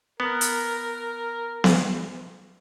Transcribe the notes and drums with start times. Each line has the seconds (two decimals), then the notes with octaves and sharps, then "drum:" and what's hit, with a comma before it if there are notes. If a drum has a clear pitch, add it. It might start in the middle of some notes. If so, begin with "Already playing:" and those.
0.20 B3 A#4
0.41 drum: hi-hat
1.64 drum: snare B3